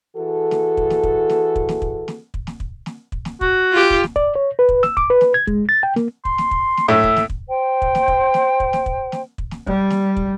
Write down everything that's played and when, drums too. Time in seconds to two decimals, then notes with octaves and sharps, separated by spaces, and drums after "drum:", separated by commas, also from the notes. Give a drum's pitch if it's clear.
0.17 E3 F#4 G#4 A4
0.51 drum: snare
0.77 drum: kick
0.90 drum: snare
1.03 drum: kick
1.29 drum: snare
1.56 drum: kick
1.69 drum: snare
1.82 drum: kick
2.08 drum: snare
2.34 drum: kick
2.47 drum: snare
2.60 drum: kick
2.86 drum: snare
3.12 drum: kick
3.25 drum: snare
3.41 F#4, drum: kick
3.72 F4 G4
3.90 drum: kick
4.03 drum: snare
4.16 D5, drum: kick
4.36 C#5
4.59 B4
4.69 drum: kick
4.83 E6, drum: snare
4.97 D6, drum: kick
5.10 B4
5.21 drum: snare
5.34 G#6
5.47 G#3, drum: kick
5.69 A6
5.83 G5
5.96 A#3, drum: snare
6.25 C6, drum: kick
6.38 drum: snare
6.51 drum: kick
6.77 drum: snare
6.88 A2 E5
7.03 drum: kick
7.16 drum: snare
7.30 drum: kick
7.48 C5 G5
7.82 drum: kick
7.95 drum: snare
8.08 drum: kick
8.34 drum: snare
8.60 drum: kick
8.73 drum: snare
8.86 drum: kick
9.12 drum: snare
9.38 drum: kick
9.51 drum: snare
9.67 G3, drum: kick
9.90 drum: snare
10.17 drum: kick